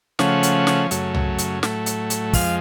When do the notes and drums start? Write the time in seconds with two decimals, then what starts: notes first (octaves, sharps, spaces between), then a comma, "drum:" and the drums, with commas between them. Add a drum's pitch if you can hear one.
0.19 C#3 F3 A3 C#4 F#5, drum: snare
0.43 drum: hi-hat
0.67 drum: snare
0.91 F#2 C#3 F#3 A3, drum: hi-hat
1.15 drum: tom C2
1.38 drum: hi-hat
1.63 A2 F#3 A3, drum: snare
1.86 drum: hi-hat
2.10 drum: hi-hat
2.33 F2 F3 G#3 F5, drum: kick, open hi-hat